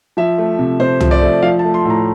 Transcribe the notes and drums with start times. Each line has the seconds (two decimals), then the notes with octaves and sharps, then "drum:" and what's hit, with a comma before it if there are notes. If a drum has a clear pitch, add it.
0.17 F3 E5
0.38 A3
0.59 C3
0.80 C3 C5
1.01 F3, drum: tom
1.11 D5
1.22 A3
1.43 F3 F5
1.59 A5
1.65 A3
1.74 C6
1.85 A2 A#5